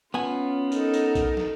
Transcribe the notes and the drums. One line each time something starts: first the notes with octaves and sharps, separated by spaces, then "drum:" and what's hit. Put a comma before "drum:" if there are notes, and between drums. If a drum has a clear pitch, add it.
B3 C#4 F4 G#5
D#4 A4 A#4, drum: tambourine
drum: tambourine
drum: kick A#1, tambourine
drum: snare